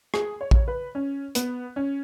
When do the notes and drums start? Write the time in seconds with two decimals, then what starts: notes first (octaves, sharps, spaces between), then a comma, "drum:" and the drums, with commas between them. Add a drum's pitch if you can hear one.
0.14 G#4, drum: rim click
0.41 C#5
0.51 drum: kick A#1
0.68 B4
0.95 C#4
1.35 B3, drum: hi-hat
1.76 C#4